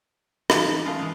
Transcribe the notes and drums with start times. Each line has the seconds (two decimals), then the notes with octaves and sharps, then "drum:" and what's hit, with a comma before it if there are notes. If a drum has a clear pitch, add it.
0.50 E3 D#4 E4, drum: rim click
0.86 G#3 A3 C#4 F4
0.99 E3 G#3